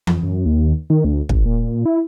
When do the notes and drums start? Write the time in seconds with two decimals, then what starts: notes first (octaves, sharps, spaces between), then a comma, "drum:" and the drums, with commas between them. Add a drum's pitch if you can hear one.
0.07 F2, drum: tom E3
0.23 F#2
0.46 D#2
0.90 D#3
1.05 D2
1.29 A1, drum: kick
1.46 A#2
1.86 E4